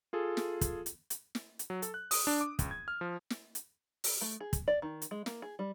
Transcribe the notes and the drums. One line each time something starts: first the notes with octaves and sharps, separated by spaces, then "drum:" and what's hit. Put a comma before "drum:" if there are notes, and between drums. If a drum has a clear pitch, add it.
F4 G#4 A4
drum: snare
drum: kick, hi-hat
drum: hi-hat
drum: hi-hat
drum: snare
drum: hi-hat
F#3
A4, drum: hi-hat
F#6
D#6, drum: open hi-hat
D4
D6
C#2, drum: kick, hi-hat
G#6
F6
F3
drum: snare
drum: hi-hat
drum: open hi-hat
A3
G#4
drum: kick, hi-hat
D5
D#3
drum: hi-hat
G#3
A#3, drum: snare
G#4
G3